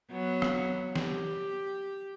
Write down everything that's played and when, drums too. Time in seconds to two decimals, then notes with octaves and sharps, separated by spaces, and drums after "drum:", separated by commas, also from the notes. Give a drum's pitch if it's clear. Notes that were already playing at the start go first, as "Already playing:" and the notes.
0.11 F#3 B3
0.42 drum: rim click
0.96 G4, drum: snare